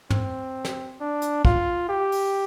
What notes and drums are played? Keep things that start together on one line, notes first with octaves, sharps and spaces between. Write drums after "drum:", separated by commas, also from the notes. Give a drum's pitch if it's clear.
C4, drum: tom
drum: snare
D4
drum: hi-hat
F4, drum: kick
G4
drum: open hi-hat